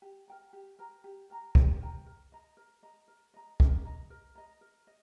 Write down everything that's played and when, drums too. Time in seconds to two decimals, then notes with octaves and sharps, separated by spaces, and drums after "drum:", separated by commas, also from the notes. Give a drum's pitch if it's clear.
0.02 G4
0.28 A#4 G5 A#5
0.53 G4
0.79 A#4 G5 A#5
1.04 G4
1.30 A#4 G5 A#5
1.55 G4, drum: kick
1.81 A#4 G5 A#5
2.06 A#4
2.32 D#5 A#5
2.57 A#4
2.83 D#5 A#5
3.08 A#4
3.34 D#5 A#5
3.60 A#4, drum: kick
3.85 D#5 A#5
4.10 A#4
4.35 D#5 A#5
4.61 A#4
4.87 D#5